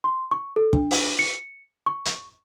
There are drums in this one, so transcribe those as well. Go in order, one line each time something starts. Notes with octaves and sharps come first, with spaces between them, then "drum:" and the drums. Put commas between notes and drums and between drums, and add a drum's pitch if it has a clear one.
C6
C#6
A4
D4, drum: kick
drum: open hi-hat
C#7
C#6
drum: hi-hat